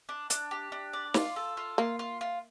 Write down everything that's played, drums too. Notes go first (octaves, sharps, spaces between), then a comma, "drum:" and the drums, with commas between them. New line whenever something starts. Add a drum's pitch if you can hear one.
D4
D4, drum: hi-hat
G4
D4
D5
F4, drum: snare
A4
F4
A#3 F4
F4
F4